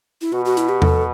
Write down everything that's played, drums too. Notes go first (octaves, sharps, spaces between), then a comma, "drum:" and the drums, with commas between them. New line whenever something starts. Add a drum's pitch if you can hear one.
E4
B2 F#4
F#4
E4, drum: hi-hat
G4
A4, drum: tom E2